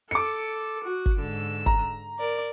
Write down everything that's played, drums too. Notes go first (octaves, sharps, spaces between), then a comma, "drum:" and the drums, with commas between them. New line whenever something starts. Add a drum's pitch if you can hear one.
A4 D6 C#7
F#4
drum: kick G1
G#2 D3 E6
A#5, drum: kick G1
A#4 D5